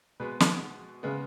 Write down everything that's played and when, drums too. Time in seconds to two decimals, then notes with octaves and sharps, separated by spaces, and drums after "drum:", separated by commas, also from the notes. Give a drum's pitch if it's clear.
0.20 B2 G#3 B3 B4
0.40 drum: snare
1.03 C#3 G#3 B3